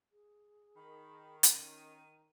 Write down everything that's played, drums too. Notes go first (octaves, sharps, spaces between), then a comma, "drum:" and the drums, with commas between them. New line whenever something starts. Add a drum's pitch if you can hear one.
G#4
D#3 B5
C#4 D#7, drum: hi-hat